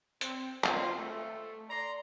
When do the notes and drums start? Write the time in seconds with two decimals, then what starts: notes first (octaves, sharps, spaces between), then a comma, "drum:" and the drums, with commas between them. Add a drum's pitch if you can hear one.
0.21 C4, drum: hi-hat
0.64 C4 F4, drum: clap
0.99 A3
1.70 D5 A#5 C6